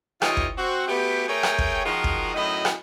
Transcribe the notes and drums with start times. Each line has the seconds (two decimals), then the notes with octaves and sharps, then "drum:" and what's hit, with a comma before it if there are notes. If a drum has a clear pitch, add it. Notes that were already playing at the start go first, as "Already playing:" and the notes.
0.22 E3 D#4 F4 G4 C#5 D#5, drum: rim click
0.37 drum: kick
0.58 C4 F#4
0.88 A3 B3 F#4 G4
1.28 A3 G#4 A#4 C#5 G5
1.43 drum: rim click
1.58 drum: kick
1.85 D#3 F3 G#3 F4 F#4 A#4
2.04 drum: kick
2.34 F#2 A2 F#3 D#4 D#5 B5
2.65 drum: rim click